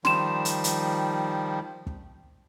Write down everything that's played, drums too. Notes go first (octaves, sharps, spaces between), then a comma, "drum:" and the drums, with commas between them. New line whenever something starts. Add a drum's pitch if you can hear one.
D#3 F3 G3 C6 E7, drum: snare
drum: hi-hat
drum: hi-hat
drum: kick